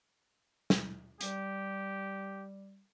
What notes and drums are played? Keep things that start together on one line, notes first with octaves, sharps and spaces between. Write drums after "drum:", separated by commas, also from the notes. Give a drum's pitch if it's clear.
drum: snare
G3 G4, drum: hi-hat